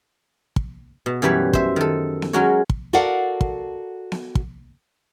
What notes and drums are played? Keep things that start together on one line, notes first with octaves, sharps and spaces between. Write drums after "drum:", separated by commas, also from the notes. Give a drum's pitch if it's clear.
drum: kick
B2
F#2 E3 G3 B4 C#5
C5 E5, drum: kick
D#3 A4
drum: snare B3
F#3 G#3 C#4 F#4 A#4 C#5
drum: kick
F#4 A4 A#4 D5 F5 F#5
drum: kick
drum: snare B3
drum: kick